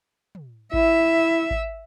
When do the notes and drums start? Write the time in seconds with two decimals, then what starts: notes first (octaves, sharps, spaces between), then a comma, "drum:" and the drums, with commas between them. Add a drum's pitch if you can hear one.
0.35 drum: tom
0.73 E4 E5, drum: kick G#1
1.51 drum: kick G#1